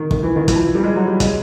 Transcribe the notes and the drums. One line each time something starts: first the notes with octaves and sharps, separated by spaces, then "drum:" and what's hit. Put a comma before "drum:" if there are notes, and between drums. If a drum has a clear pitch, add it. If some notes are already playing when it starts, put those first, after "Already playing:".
Already playing: D#3
D#3, drum: kick
E3
D#3
E3, drum: kick, hi-hat
F3
G3
G#3
F#3
G3
G#3, drum: kick, hi-hat